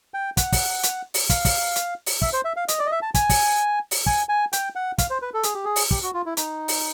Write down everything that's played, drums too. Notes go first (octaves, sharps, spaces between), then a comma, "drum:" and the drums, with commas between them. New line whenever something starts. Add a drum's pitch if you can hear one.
G5
F#5, drum: kick, hi-hat
drum: kick, open hi-hat
drum: hi-hat
drum: open hi-hat
F5, drum: kick, hi-hat
drum: kick, open hi-hat
drum: hi-hat
drum: open hi-hat
E5, drum: kick
C5
E5
F5
D#5, drum: hi-hat
D5
D#5
E5
A5
G#5, drum: kick, hi-hat
drum: kick, open hi-hat
drum: open hi-hat
G#5, drum: kick
G#5
G5, drum: hi-hat
F#5
F5, drum: kick, hi-hat
C5
B4
A4
G#4, drum: hi-hat
G4
G#4
drum: open hi-hat
G4, drum: kick
F#4
F4
E4
D#4, drum: hi-hat
drum: open hi-hat